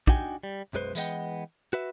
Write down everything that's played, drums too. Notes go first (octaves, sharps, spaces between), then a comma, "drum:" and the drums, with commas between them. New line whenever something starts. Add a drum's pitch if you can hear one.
D4 D#4 F#4 G5 G#5, drum: kick
G3
B1 F#2 G#3 B4 C5
E3 G#3 B3 D#5 F#5 G5, drum: tambourine
F#4 B4 E5